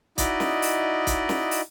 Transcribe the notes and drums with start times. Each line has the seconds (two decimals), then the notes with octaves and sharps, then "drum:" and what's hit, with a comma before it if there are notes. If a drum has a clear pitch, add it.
0.18 D#4 E4 F#4 D5 D#5, drum: kick, hi-hat
0.40 drum: snare
0.62 drum: open hi-hat
1.07 drum: kick, hi-hat
1.29 drum: snare
1.51 drum: open hi-hat